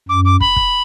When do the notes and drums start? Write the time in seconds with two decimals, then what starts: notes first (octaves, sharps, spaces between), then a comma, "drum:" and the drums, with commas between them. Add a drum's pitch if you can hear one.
0.09 F#2 D6
0.25 D6
0.40 B5, drum: kick
0.56 drum: kick